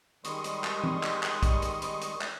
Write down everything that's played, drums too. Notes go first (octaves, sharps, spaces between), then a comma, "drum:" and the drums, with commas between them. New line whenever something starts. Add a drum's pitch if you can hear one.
D#3 G3 G#3 C6 C#6 D#6, drum: hi-hat
drum: hi-hat
drum: clap
drum: tom
drum: clap
drum: clap
drum: kick, hi-hat
drum: hi-hat
drum: hi-hat
drum: hi-hat
drum: clap